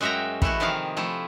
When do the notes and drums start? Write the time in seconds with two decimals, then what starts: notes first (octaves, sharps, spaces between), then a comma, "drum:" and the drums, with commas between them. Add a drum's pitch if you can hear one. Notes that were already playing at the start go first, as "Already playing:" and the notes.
0.01 F#2 G#3 F#4 E5 G5 A#5
0.42 E3 A3 E4 F#4, drum: kick
0.60 C3 D#3 F3 G#4 F5
0.97 F3 A3 E4